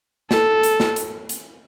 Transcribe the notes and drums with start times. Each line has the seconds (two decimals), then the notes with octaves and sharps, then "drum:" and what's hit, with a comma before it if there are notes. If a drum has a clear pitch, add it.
0.31 A4, drum: snare
0.63 drum: hi-hat
0.80 drum: snare
0.96 drum: hi-hat
1.29 drum: hi-hat